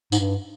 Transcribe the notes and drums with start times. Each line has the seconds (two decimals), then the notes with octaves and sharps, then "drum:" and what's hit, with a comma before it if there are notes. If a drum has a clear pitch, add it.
0.12 G#2, drum: tambourine
0.19 G2